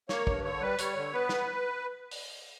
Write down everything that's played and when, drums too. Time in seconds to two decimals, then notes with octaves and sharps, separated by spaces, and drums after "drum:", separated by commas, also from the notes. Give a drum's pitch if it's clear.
0.09 A#3 C#5, drum: snare
0.27 G2, drum: kick
0.44 D3 C#5
0.62 G3 B4
0.79 G3 C#5, drum: hi-hat
0.96 D3
1.13 B3 B4
1.29 drum: snare
2.11 drum: open hi-hat